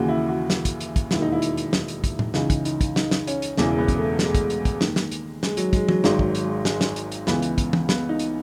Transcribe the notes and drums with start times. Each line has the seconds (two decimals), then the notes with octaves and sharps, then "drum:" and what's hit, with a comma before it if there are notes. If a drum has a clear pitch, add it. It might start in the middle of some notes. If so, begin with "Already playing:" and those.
Already playing: D#2 C#3 E3 F#4
0.08 E4
0.29 F#4
0.50 drum: snare
0.65 drum: kick, hi-hat
0.81 drum: hi-hat
0.96 drum: kick, hi-hat
1.11 E1 D#2 D#3 E4, drum: snare
1.22 D#4
1.32 E4
1.42 drum: hi-hat
1.57 drum: hi-hat
1.73 drum: snare
1.88 drum: hi-hat
2.04 drum: kick, hi-hat
2.19 drum: tom A2
2.34 C#2 C#3 E3 D#4, drum: snare
2.50 drum: kick, hi-hat
2.65 D#4, drum: hi-hat
2.81 drum: kick, hi-hat
2.96 D#4, drum: snare
3.11 drum: snare
3.27 C#4, drum: hi-hat
3.42 drum: hi-hat
3.57 E1 E2 C#3 E3, drum: snare
3.78 B3
3.88 drum: kick, hi-hat
3.98 A3
4.19 G#3, drum: snare
4.35 drum: kick, hi-hat
4.50 drum: hi-hat
4.65 drum: kick, hi-hat
4.81 D#2 D#3, drum: snare
4.96 drum: snare
5.12 drum: hi-hat
5.43 G#3, drum: snare
5.57 F#3, drum: hi-hat
5.73 G#3, drum: kick, hi-hat
5.89 F#3, drum: tom
6.04 G#1 G#2 D#3 F#3, drum: snare
6.19 drum: kick
6.35 drum: hi-hat
6.45 G#3
6.65 G#3, drum: snare
6.81 drum: snare
6.96 drum: hi-hat
7.12 drum: hi-hat
7.27 C#2 C#3 E3 B3, drum: snare
7.42 drum: hi-hat
7.58 drum: kick, hi-hat
7.73 drum: tom
7.89 B3, drum: snare
8.09 D#4
8.19 drum: hi-hat